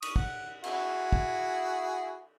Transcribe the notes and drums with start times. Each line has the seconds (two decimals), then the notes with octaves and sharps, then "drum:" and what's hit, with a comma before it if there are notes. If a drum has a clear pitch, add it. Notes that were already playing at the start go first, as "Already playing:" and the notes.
0.03 C#6 D#6, drum: cymbal
0.16 F#5, drum: kick
0.64 E4 F#4 G#4, drum: cymbal
1.12 drum: kick